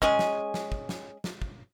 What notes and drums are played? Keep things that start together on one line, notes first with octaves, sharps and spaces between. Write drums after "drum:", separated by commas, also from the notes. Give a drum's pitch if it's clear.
G#3 C#4 G#4, drum: kick
drum: snare
drum: snare
drum: kick
drum: snare
drum: snare
drum: kick